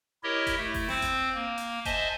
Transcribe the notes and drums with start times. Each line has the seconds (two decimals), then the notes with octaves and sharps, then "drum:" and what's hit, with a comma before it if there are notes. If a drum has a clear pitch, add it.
0.24 E4 G4 A#4 C#5 D#5
0.47 drum: kick F1, hi-hat
0.57 A3 E4
0.74 drum: kick F1, open hi-hat
0.88 C4 C5, drum: snare
1.02 drum: kick F1, hi-hat
1.34 A#3
1.58 drum: hi-hat
1.85 C5 D#5 E5 G#5 A5 G6, drum: kick F1, hi-hat